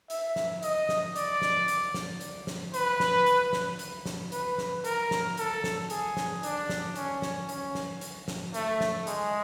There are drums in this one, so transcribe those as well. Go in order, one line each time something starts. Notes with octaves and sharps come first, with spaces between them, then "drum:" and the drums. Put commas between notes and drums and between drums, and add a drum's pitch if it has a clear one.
E5, drum: hi-hat
drum: snare
D#5, drum: hi-hat
drum: snare
D5, drum: hi-hat
drum: snare
drum: hi-hat
drum: snare
drum: hi-hat
drum: snare
B4, drum: hi-hat
drum: snare
drum: hi-hat
drum: snare
drum: hi-hat
drum: snare
B4, drum: hi-hat
drum: snare
A#4, drum: hi-hat
drum: snare
A4, drum: hi-hat
drum: snare
G#4, drum: hi-hat
drum: snare
D4, drum: hi-hat
drum: snare
C#4, drum: hi-hat
drum: snare
C#4, drum: hi-hat
drum: snare
drum: hi-hat
drum: snare
A3, drum: hi-hat
drum: snare
G#3, drum: hi-hat